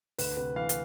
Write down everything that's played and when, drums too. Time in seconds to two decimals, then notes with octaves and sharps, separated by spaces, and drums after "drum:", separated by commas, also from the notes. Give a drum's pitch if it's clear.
0.18 D2 B4, drum: open hi-hat
0.37 C3 B4
0.56 E3 F5
0.69 drum: hi-hat